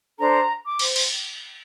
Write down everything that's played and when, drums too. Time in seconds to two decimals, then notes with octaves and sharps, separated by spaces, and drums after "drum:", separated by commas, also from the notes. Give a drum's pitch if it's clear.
0.19 D4 A4 C5 A#5
0.64 D6
0.79 C5, drum: cymbal
0.96 drum: cymbal